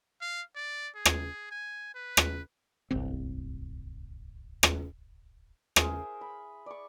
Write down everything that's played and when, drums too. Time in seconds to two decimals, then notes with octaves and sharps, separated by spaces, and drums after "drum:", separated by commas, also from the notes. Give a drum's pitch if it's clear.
0.21 F5
0.56 D5
0.95 G#4
1.05 drum: rim click
1.51 G#5
1.95 B4
2.17 drum: rim click
2.91 D1 G1 C2 C4
4.63 drum: rim click
5.76 G#4 A#4 C5 E5, drum: rim click
6.21 B5
6.66 D5 C#6